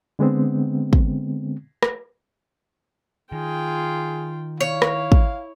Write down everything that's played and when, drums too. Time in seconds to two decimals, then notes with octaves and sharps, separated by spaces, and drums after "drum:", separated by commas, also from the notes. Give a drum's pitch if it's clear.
0.19 D3 G#3 B3 C4
0.93 drum: kick
1.83 drum: rim click
3.32 D#3 F4 G#4 G5
4.61 E4 C#5 F5
4.82 drum: rim click
5.12 drum: kick